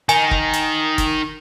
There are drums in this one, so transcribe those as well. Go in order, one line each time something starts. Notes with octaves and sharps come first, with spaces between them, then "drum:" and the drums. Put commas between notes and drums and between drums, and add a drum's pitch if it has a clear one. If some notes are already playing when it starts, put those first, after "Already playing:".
D#3 D#4 G#5, drum: hi-hat
drum: kick
drum: hi-hat
drum: kick, hi-hat